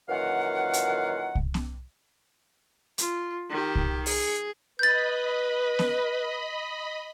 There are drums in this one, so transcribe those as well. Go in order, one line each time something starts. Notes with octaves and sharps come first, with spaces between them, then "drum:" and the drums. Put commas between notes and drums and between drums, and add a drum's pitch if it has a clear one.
F#2 A#2 D#3 E3 F5 F#5
drum: hi-hat
drum: kick C2
drum: snare B3
F4, drum: hi-hat
D#3 G4
drum: kick C2
G#4, drum: open hi-hat
B4 D#5 B5 G6 A6
drum: snare B3